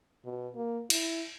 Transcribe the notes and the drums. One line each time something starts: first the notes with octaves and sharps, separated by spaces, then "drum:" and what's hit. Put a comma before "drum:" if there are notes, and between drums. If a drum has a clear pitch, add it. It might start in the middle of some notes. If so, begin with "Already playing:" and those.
B2
A#3
E4, drum: cymbal